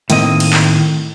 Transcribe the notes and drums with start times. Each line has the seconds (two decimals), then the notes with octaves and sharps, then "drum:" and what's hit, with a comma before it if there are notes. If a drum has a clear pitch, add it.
0.10 A2 D#3 A#3 C4 D#5, drum: hi-hat
0.40 drum: cymbal
0.53 drum: clap